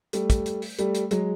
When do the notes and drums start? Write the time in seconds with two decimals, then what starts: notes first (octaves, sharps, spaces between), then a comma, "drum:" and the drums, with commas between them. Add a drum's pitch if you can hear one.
0.13 G3 A3, drum: hi-hat
0.30 drum: kick, hi-hat
0.46 drum: hi-hat
0.62 drum: open hi-hat
0.79 G3 A3, drum: hi-hat
0.95 drum: hi-hat
1.11 F#3 G#3, drum: hi-hat